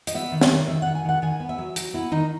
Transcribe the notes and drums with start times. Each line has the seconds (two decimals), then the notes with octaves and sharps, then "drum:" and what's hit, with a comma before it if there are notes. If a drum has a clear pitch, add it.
0.07 D#5, drum: hi-hat
0.14 B3 E5
0.32 D#3
0.41 C#5, drum: snare
0.51 D#3
0.68 D#3 E5
0.82 D#3 F#5
0.95 G#5
1.05 D#3 F#5
1.22 D#3 G#5
1.40 B3
1.49 E5
1.58 F#3
1.76 F#3, drum: hi-hat
1.94 B3 E4
2.12 D#3 D#4